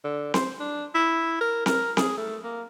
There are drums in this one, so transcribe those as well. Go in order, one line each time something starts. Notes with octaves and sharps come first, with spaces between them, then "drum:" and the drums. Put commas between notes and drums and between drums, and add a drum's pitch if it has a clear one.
D3
C5, drum: snare C4
D4
E4
A#4
A#4, drum: snare C4
G#4, drum: snare C4
A3
A#3